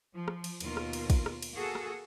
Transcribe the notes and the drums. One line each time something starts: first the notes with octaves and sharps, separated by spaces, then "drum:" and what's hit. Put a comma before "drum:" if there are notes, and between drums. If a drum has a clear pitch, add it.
F3
drum: rim click
drum: cymbal
D#2 B2 F4 A#4, drum: cymbal
drum: rim click
drum: cymbal
drum: kick, cymbal
drum: rim click
drum: cymbal
A#3 F#4 G#4 A4
drum: rim click